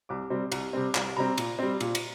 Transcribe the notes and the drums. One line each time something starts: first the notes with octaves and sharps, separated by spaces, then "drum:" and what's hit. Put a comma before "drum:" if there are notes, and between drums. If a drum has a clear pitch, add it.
C2 D6
C3 G3 C4
C2, drum: cymbal
C3 G3 C4
C2, drum: clap
C3 G3 C4 A#5
A#2, drum: cymbal
G3 C4
A#2, drum: cymbal
drum: cymbal